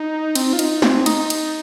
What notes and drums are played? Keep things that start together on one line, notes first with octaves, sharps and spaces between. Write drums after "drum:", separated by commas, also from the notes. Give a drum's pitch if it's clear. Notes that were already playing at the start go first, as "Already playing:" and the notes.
Already playing: D#4
C4, drum: cymbal
F4
D#4, drum: cymbal
C4, drum: snare
D#4, drum: cymbal
drum: cymbal